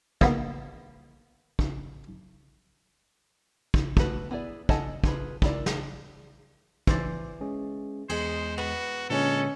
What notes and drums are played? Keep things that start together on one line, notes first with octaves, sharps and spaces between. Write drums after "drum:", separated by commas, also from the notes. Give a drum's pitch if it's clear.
C#2 A#3 B3, drum: kick
drum: kick
drum: kick
A3 F#4 B4, drum: kick
B3 E4 G#4 B4 D5
A4 D#5 F#5 G#5 A5, drum: kick
F4 G#4 B4, drum: kick
G#3 E4 A#4 D5, drum: kick
drum: snare
E3 C5 D5, drum: kick
G#3 C#4 G#4
E2 G#3 G#4 C5, drum: cymbal
B3 F#4 B5
A#2 D3 G#3 C#4 A4